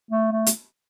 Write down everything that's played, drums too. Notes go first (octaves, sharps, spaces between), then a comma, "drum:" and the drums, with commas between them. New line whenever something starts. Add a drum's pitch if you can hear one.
A3
A3
drum: hi-hat